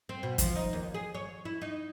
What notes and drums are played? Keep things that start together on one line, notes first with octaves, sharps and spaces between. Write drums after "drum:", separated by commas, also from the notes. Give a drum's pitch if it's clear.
C4
B2
F3, drum: kick, hi-hat
D#4
D#2
G#4
C#5
E4
D#4